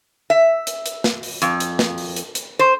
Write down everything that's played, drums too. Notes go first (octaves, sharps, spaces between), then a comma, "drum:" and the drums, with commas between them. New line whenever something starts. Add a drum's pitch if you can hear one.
E5
drum: hi-hat
drum: hi-hat
drum: snare
drum: open hi-hat
F2, drum: hi-hat
drum: hi-hat
drum: snare
drum: open hi-hat
drum: hi-hat
drum: hi-hat
C5